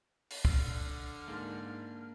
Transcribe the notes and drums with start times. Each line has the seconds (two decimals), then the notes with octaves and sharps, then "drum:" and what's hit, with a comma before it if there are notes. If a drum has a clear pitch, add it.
0.31 drum: open hi-hat
0.45 D3 F6, drum: kick
1.28 G#2 A#3 D4